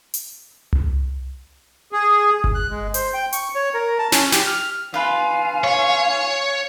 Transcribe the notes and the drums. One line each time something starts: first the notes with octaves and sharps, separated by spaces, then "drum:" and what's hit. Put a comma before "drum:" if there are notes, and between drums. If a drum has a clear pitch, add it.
drum: hi-hat
drum: tom C2
G#4
drum: kick G1
F#6
G#3
C5, drum: hi-hat
G5
C#6, drum: hi-hat
C#5
A#4
A5
C#4, drum: snare
G4, drum: snare
F6
F4 B4 F5 G#5
C#5